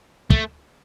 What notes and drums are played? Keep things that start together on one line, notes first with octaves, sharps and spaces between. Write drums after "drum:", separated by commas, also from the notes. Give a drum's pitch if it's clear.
A3, drum: kick